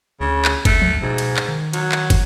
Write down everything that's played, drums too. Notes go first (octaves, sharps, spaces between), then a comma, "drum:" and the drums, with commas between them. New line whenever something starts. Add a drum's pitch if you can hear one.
D2 C#3
drum: clap
D2 A3, drum: kick, cymbal
drum: tom F3
G#2 B2
drum: cymbal
drum: clap
D#3
F#3, drum: cymbal
drum: clap
drum: kick, cymbal